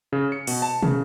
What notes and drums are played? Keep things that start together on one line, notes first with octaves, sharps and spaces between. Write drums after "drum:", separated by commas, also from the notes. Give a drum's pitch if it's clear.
C#3
C#7
B2, drum: open hi-hat
A5
C#3, drum: tom